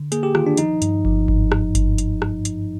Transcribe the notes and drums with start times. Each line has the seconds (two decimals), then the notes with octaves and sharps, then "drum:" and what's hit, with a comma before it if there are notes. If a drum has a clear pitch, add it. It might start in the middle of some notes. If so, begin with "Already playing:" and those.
Already playing: D3
0.12 A#3 G#4, drum: hi-hat
0.23 G4
0.35 D#3 F4, drum: rim click
0.47 D4
0.57 F3 D#4, drum: hi-hat
0.82 G2, drum: hi-hat
1.05 F3, drum: kick G1
1.28 G#2, drum: kick G1
1.52 drum: rim click
1.75 drum: kick G1, hi-hat
1.98 drum: hi-hat
2.22 drum: rim click
2.45 drum: hi-hat